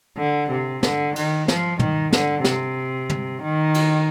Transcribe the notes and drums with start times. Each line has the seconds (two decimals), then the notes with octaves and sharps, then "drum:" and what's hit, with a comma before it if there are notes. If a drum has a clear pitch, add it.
0.18 D3
0.50 C3
0.83 D3, drum: snare
1.16 D#3, drum: cymbal
1.48 F3, drum: snare
1.79 D#3, drum: tom
2.12 D3, drum: snare
2.44 C3, drum: snare
3.10 drum: tom
3.42 D#3
3.74 drum: cymbal